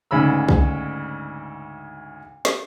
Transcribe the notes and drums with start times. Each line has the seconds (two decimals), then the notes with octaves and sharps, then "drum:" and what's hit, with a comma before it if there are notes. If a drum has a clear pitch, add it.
0.11 D2 G#2 C#3 B5 E6
0.49 drum: kick C2
2.45 drum: snare